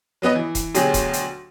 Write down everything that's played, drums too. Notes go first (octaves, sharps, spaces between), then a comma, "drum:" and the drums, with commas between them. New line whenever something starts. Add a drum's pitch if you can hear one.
F#3 B3 B4 D#5
E3
drum: kick D#1, hi-hat
D2 B2 F#3 G4 G#4, drum: hi-hat
drum: kick D#1, hi-hat
drum: hi-hat